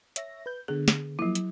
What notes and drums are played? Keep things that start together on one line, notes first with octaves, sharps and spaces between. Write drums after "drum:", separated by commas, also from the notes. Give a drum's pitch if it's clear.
C#5 E5 A#6, drum: hi-hat
B4 G6
D3 B3 G#4
drum: snare
F3 F#3 A#3 E4
drum: hi-hat